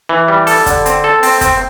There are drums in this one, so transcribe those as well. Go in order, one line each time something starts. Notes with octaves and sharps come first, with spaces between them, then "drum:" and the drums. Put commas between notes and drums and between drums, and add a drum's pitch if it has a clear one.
E3
G3
A4, drum: open hi-hat
D3, drum: kick, hi-hat
C4, drum: hi-hat
A4
C4, drum: open hi-hat
C4, drum: kick, hi-hat